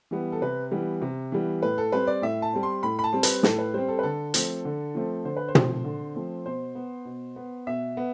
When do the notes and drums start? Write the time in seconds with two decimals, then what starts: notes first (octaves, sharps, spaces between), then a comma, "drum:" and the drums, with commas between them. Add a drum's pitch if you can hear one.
0.11 E3 G3 B3
0.32 A4
0.42 C3 B4
0.71 E3 G3 B3
1.02 C3
1.32 E3 G3 B3
1.62 A2 B4
1.78 A4
1.92 G3 C4 B4
2.07 D5
2.22 A2 E5
2.42 A5
2.53 G3 C4
2.63 C6
2.83 A2 B5
2.99 B5
3.04 A5
3.13 G3 C4
3.23 B4, drum: hi-hat
3.43 A2 A4, drum: snare
3.58 B4
3.74 G3 C4 C5
3.88 A4
3.99 B4
4.03 D3 A4
4.34 F3 A3 C4, drum: hi-hat
4.65 D3
4.95 F3 A3 C4
5.25 D3 C5
5.36 B4
5.48 C5
5.55 F3 A3 C4, drum: tom
5.85 D3
6.15 F3 A3 C4
6.46 B2 C5
6.75 B3
7.05 B2
7.36 B3
7.67 B2 E5
7.97 B3